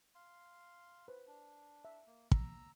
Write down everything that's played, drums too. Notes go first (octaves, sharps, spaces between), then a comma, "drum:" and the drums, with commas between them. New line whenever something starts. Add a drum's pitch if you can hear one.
F5 C6
B4 C5
D4
E5
A#3
A#5 E6, drum: kick